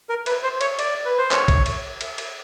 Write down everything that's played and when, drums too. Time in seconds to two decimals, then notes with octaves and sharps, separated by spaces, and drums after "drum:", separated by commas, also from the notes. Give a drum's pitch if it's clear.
0.09 A#4
0.26 B4, drum: cymbal
0.43 C5
0.61 C#5, drum: cymbal
0.79 D5, drum: cymbal
1.05 B4
1.18 C5
1.31 C#5, drum: clap
1.48 drum: kick A#1, cymbal
1.66 drum: cymbal
2.01 drum: cymbal
2.18 drum: cymbal